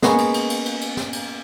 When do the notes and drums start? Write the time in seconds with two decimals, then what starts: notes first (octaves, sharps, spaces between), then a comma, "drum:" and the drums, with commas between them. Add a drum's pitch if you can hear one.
0.02 G#3 A#3 B3 C#4, drum: snare
0.18 drum: cymbal
0.34 drum: cymbal
0.50 drum: cymbal
0.65 drum: cymbal
0.81 drum: cymbal
0.97 drum: snare
1.13 drum: cymbal